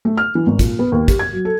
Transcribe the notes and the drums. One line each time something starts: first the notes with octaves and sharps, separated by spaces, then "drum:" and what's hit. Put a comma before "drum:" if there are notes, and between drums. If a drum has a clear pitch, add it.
A3
F6
E3
G#1
A#2, drum: kick, hi-hat
B3
D#2
G4, drum: kick, hi-hat
G#6
F#3
A4